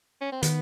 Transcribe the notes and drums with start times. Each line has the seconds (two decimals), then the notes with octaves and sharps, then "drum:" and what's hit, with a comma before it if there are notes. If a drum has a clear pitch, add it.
0.21 C#4
0.32 C4
0.43 D#3 B3, drum: hi-hat